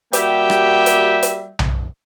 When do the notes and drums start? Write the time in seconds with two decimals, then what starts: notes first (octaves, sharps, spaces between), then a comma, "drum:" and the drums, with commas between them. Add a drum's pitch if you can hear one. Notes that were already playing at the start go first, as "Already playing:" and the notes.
0.13 G3 A#3 F#4 G4 E5 G5, drum: hi-hat
0.50 drum: rim click
0.86 drum: hi-hat
1.23 drum: hi-hat
1.59 drum: tom B1